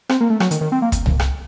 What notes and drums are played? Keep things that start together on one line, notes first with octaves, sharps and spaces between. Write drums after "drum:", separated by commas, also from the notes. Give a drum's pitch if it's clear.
C4, drum: rim click
A#3
A3
F#3, drum: rim click
D#3, drum: hi-hat
D#3
C4
A#3
drum: kick, hi-hat
drum: tom C2
drum: rim click